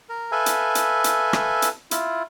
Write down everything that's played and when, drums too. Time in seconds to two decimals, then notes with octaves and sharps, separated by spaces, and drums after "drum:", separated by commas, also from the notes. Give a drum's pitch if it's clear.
0.09 A#4
0.32 A4 B4 E5 F5 G#5
0.46 drum: hi-hat
0.75 drum: hi-hat
1.04 drum: hi-hat
1.33 drum: rim click
1.62 drum: hi-hat
1.91 E4 F4, drum: hi-hat